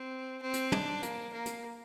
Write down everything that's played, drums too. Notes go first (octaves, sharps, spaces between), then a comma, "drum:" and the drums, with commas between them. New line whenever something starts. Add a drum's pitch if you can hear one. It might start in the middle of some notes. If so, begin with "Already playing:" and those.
Already playing: C4
C4
drum: hi-hat
D4, drum: tom
A#3, drum: hi-hat
A#3
drum: hi-hat